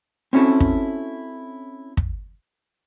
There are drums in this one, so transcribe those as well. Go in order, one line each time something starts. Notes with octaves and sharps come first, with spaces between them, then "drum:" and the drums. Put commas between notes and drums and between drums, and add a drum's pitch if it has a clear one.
C4 C#4 E4 F#4 A4
drum: kick
drum: kick